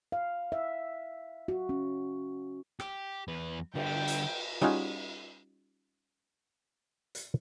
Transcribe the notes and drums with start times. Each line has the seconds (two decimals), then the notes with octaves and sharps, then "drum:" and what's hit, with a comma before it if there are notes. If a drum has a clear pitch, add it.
0.12 F5
0.52 E5
1.48 F#4
1.69 C#4
2.80 G4, drum: rim click
3.28 E2 B4
3.75 D3 G3 G5, drum: cymbal
4.08 drum: hi-hat
4.62 G3 C#4 D#4 F4 F#4 G#4, drum: rim click
7.15 drum: hi-hat